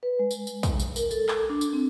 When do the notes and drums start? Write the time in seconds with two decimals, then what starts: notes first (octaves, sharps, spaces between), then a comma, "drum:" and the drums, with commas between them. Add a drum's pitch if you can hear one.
0.03 B4
0.19 G#3
0.31 drum: tambourine
0.47 drum: tambourine
0.63 drum: kick, tambourine
0.80 drum: tambourine
0.96 A#4, drum: tambourine
1.11 A4, drum: tambourine
1.29 drum: clap
1.49 D4
1.61 drum: tambourine
1.73 C4